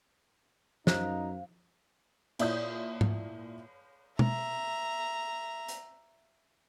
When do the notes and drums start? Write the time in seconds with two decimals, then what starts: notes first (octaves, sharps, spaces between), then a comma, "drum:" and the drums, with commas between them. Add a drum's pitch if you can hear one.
0.87 F#2 D#4 C5 F5, drum: snare
2.39 A#2 E4 D5 D#6 G6, drum: cymbal
3.01 drum: tom G#2
4.19 E5 A#5, drum: tom B2
5.68 drum: hi-hat